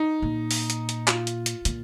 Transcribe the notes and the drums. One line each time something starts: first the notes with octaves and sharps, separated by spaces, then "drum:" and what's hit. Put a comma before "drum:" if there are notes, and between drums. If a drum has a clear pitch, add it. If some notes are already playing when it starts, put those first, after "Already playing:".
Already playing: D#4
A#2
drum: open hi-hat
drum: hi-hat
drum: hi-hat
F4, drum: clap
drum: hi-hat
drum: hi-hat
A#2, drum: hi-hat